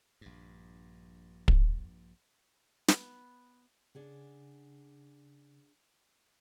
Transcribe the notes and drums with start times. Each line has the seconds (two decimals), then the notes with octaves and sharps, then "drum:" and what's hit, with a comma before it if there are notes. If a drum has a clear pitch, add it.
0.21 A#1 G2
1.48 drum: kick
2.88 B3, drum: snare
3.95 C#3 D4 G#4 F#5